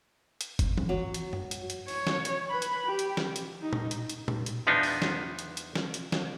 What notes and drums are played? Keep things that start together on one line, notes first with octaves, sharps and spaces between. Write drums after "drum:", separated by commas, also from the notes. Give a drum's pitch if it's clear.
drum: hi-hat
drum: kick, hi-hat
drum: tom E3
F#3
drum: hi-hat
drum: tom F#2
drum: hi-hat
drum: hi-hat
C#5, drum: open hi-hat
drum: snare
drum: hi-hat
B4 B5
drum: hi-hat
G4
drum: hi-hat
drum: snare
drum: hi-hat
D#4
drum: tom A#2
drum: hi-hat
drum: hi-hat
drum: tom A#2
drum: hi-hat
E2 F3 B3 D4 D#4
drum: open hi-hat
drum: snare
drum: hi-hat
drum: hi-hat
drum: snare
drum: hi-hat
drum: snare